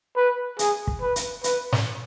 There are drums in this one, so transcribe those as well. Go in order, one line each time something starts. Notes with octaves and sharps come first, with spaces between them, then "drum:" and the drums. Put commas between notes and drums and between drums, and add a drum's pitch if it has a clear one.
B4
G#4, drum: hi-hat
drum: kick
B4
drum: hi-hat
B4, drum: hi-hat
drum: snare